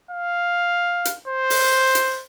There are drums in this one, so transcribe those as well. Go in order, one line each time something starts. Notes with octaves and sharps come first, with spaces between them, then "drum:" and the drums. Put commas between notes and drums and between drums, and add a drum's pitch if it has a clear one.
F5
drum: hi-hat
C5
drum: open hi-hat
drum: hi-hat